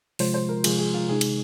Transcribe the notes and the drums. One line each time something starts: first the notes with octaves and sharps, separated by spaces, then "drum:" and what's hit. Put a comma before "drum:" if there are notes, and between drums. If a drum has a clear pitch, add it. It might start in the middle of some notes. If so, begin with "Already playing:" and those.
C3 F3 G#3 F4 C5, drum: open hi-hat
C5
A#4
C3 F3 G#3 F4 G#4, drum: cymbal
G#4
F4
C3 G#3 D#4 G#4
drum: cymbal